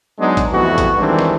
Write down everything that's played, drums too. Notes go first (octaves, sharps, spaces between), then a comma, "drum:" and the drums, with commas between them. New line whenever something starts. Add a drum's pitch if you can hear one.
F#3 G#3 B3 D4 D#4 G#4
drum: kick A#1, hi-hat
F2 E3 G3 A3 B3 F#4
drum: kick A#1, hi-hat
D#3 E3 G3 G#3 C4 D4
drum: snare